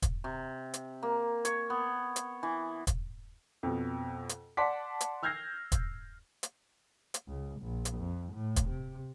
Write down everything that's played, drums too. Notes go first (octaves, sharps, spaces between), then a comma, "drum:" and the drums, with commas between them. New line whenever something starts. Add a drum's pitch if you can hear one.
drum: kick, hi-hat
C3
drum: hi-hat
A#3
C#5, drum: hi-hat
B3
drum: hi-hat
E3
drum: kick, hi-hat
F2 B2
drum: hi-hat
D5 F#5 A5 C6 D6 B6
drum: hi-hat
E6 F6 G6 G#6 A#6 C7
drum: kick, hi-hat
drum: hi-hat
drum: hi-hat
C#2
A#1
drum: hi-hat
F2
A2
drum: kick, hi-hat
C3